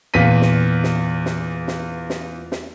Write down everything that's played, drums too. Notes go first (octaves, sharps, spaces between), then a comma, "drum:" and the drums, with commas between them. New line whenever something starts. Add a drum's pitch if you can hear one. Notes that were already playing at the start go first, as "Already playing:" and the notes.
E2 A#2 B6 D#7
drum: snare
drum: snare
drum: snare
drum: snare
drum: snare
drum: snare